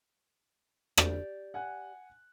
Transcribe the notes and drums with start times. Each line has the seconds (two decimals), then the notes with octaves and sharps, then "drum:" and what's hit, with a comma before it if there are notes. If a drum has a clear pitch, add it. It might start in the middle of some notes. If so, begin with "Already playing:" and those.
0.97 G4 D5, drum: rim click
1.54 F#5 G#5 F#6